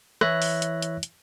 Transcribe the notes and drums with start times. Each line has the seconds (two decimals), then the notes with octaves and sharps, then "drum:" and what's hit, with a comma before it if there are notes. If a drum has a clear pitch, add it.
0.21 E3 E4 C#5 E5 F#6 A#6, drum: rim click
0.42 drum: open hi-hat
0.62 drum: hi-hat
0.82 drum: hi-hat
1.03 drum: hi-hat